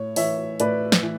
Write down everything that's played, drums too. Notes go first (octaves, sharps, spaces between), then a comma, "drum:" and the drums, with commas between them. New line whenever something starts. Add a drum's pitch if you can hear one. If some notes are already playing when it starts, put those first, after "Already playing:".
Already playing: A2 C#5
E3 C#5 E5, drum: open hi-hat
A2 B4 D5, drum: hi-hat
drum: snare
E3